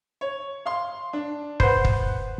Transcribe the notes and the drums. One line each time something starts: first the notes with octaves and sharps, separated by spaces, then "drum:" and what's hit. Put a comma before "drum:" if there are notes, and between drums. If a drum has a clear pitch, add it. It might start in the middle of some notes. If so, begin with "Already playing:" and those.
C#5
F5 C6
D4
B4 C5 F#5, drum: kick
drum: kick